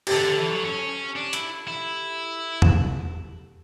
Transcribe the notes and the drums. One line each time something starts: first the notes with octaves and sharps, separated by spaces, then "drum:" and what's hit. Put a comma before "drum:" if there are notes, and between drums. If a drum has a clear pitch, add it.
G4, drum: cymbal
D3 A4
D3
E3
F#3
C#4
D4
E4, drum: hi-hat
E4
drum: tom E2